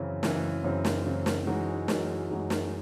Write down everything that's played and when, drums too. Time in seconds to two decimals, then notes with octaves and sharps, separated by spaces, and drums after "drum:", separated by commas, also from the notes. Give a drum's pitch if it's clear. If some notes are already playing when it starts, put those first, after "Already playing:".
Already playing: F#2 C#3 E3 C4
0.23 F#2 C#3 E3 C4, drum: snare
0.64 F#2 C#3 E3 C4
0.85 drum: snare
1.05 F#2 C#3 E3 C4
1.26 drum: snare
1.47 F#2 E3 G#3 D#4 F#4
1.88 F#2 E3 G#3 D#4 F#4, drum: snare
2.30 F#2 E3 G#3 D#4 F#4
2.50 drum: snare